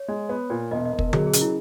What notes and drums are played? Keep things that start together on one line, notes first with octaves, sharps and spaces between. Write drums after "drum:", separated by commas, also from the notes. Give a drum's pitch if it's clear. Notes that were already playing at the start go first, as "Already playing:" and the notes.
Already playing: C#5
G#3
B3
A#2
E1 D#5
D#5
E1
A#4, drum: kick
F#3 G#4, drum: tom D3
G#4
C#3, drum: hi-hat
E4